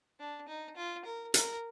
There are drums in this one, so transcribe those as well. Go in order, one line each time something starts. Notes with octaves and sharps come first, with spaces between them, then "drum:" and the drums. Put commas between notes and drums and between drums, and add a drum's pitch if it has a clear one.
D4
D#4
F4
A#4
A#4, drum: hi-hat